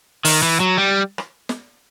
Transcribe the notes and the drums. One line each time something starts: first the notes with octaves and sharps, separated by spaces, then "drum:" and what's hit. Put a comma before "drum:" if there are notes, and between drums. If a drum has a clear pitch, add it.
D#3, drum: open hi-hat
E3
F#3
G3
drum: rim click
drum: snare